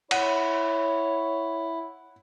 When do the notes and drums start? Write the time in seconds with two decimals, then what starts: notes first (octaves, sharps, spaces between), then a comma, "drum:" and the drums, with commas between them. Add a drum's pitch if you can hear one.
0.11 E4 C#5 F#5, drum: cymbal